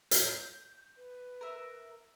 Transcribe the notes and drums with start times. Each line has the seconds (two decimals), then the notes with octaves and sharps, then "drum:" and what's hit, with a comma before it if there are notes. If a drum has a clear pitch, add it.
0.11 G6, drum: hi-hat
0.97 B4
1.41 A#4 E5 A#5